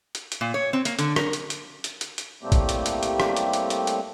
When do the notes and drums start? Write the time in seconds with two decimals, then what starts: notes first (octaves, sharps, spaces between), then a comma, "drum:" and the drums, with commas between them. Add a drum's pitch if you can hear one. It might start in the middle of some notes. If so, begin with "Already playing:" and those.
0.15 drum: hi-hat
0.32 drum: hi-hat
0.41 A#2
0.54 C#5
0.73 C4
0.85 A#3, drum: hi-hat
0.99 D3, drum: hi-hat
1.16 A#4, drum: rim click
1.33 drum: hi-hat
1.50 drum: hi-hat
1.84 drum: hi-hat
2.01 drum: hi-hat
2.18 drum: hi-hat
2.43 A2 G3 A3 A#3 C4 G4
2.52 drum: kick A#1, hi-hat
2.69 drum: hi-hat
2.86 drum: hi-hat
3.03 drum: hi-hat
3.20 drum: rim click
3.37 drum: hi-hat
3.53 drum: hi-hat
3.70 drum: hi-hat
3.87 drum: hi-hat